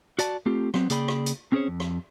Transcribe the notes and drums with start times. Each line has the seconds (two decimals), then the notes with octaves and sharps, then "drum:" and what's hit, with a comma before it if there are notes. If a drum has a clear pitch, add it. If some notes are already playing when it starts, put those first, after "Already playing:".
0.19 F#4 D5 A5, drum: hi-hat
0.46 A3 C4 F4 G4
0.74 F#3 B3 C4, drum: rim click
0.90 C#3 A#3 G#4 D5 G5 B5, drum: hi-hat
1.08 drum: rim click
1.26 drum: hi-hat
1.52 C4 C#4 G#4 A#4 C5 C#5
1.68 F2
1.80 drum: rim click